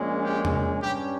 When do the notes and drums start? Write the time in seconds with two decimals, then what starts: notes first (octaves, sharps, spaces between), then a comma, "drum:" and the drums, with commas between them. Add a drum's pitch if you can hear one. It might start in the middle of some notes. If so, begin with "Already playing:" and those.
Already playing: A#1 A#2 G#3 C#4
0.23 G4
0.45 drum: tom
0.82 G2 G3 C#4 G4